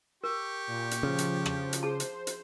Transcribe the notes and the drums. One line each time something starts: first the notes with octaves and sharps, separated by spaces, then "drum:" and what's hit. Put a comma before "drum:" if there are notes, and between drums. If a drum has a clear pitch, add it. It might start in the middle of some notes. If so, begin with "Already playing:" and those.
G4 A#4 C#6
A#2
drum: hi-hat
C#3 F3
drum: hi-hat
drum: rim click
drum: hi-hat
G#4 C5 A5
drum: hi-hat
drum: hi-hat